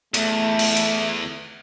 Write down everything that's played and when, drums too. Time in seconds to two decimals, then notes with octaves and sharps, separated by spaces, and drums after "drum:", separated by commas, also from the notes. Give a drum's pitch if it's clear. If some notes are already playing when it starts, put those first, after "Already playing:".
0.14 E2 A3, drum: hi-hat
0.59 drum: cymbal
0.77 drum: hi-hat